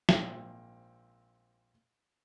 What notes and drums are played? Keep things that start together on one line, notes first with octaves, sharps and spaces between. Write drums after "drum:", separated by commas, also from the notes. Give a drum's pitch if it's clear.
A#1 G#2 C4, drum: snare